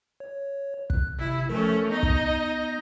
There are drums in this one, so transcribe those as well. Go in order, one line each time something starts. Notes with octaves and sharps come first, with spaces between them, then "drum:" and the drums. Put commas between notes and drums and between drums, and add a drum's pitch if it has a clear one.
C#5
F#6, drum: kick
G#1 C3 E4
F3 A3 C#4 A4 A#4
B3 D#4 D#5 G6 A#6
drum: kick